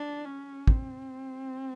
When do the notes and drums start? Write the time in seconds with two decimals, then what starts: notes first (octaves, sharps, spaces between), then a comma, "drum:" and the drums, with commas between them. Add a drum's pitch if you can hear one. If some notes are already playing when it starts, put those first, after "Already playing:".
Already playing: D4
0.25 C#4
0.67 C4, drum: kick